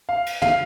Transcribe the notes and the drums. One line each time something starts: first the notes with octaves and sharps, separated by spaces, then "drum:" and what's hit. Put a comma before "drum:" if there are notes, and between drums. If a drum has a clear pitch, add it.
F5
drum: cymbal
F5, drum: tom